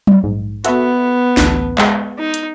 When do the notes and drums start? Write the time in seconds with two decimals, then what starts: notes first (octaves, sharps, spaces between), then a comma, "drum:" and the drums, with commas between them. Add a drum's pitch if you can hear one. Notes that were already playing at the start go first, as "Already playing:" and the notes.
0.07 drum: tom F#3
0.23 A#1 G#2
0.65 B3 F#4 A4 E5, drum: hi-hat
1.37 A1 D2 A5, drum: snare
1.78 G#3, drum: clap
2.19 D#4
2.34 drum: hi-hat